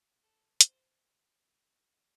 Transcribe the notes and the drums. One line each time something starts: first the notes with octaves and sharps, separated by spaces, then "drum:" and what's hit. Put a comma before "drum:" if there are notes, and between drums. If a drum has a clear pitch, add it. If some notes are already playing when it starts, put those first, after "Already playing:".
A4
C5, drum: hi-hat